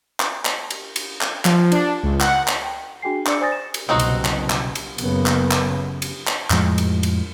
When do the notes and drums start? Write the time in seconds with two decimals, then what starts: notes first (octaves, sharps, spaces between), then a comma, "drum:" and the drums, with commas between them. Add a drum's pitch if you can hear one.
0.20 drum: clap
0.45 drum: clap
0.70 drum: cymbal
0.96 drum: cymbal
1.21 drum: clap
1.45 F3, drum: clap
1.72 D4, drum: cymbal
2.03 C#2
2.21 F#5, drum: clap
2.48 drum: clap
2.64 G5
3.02 D4 F#4 G#4 G5 G#5 C7
3.26 D4 G#4 D5 D6 E6 C#7, drum: clap
3.41 C5 D5 G#5 D#6 A6 A#6
3.52 E7
3.74 drum: cymbal
3.89 F#1 C2 B2 C4 D#4 F#4
3.99 drum: cymbal
4.25 drum: clap
4.50 drum: clap
4.75 drum: cymbal
4.98 F#1 F#2 C#3 A#3 B3, drum: cymbal
5.26 drum: clap
5.51 drum: clap
6.02 drum: cymbal
6.27 drum: clap
6.50 F2 A2 F3 G#3, drum: clap
6.78 drum: cymbal
7.03 drum: cymbal